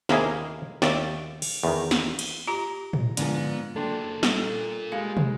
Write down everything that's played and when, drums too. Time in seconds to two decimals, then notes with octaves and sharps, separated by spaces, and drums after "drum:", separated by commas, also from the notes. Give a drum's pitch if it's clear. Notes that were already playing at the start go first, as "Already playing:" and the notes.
0.09 D#2 C3 A#3 E4 G#4 D#5, drum: snare
0.82 D#2 D5 E5, drum: snare
1.42 drum: cymbal
1.63 E2 D#3
1.91 drum: snare
2.19 drum: cymbal
2.48 F4 G4 A#5
2.93 drum: tom A2
3.17 G#2 D3 F3 B3, drum: hi-hat
3.76 F#3 A#3 D4 A4 G5 C6
4.23 G3 F4 A#4, drum: snare
4.92 G3 G#3 F5
5.17 drum: tom